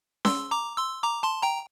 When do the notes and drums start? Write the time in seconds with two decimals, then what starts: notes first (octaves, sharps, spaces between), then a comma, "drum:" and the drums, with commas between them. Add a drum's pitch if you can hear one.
0.25 C6 E6, drum: snare C#4
0.51 A#5 D6
0.77 C6 E6
1.03 A#5 D6
1.23 A5 C6
1.43 G5 A#5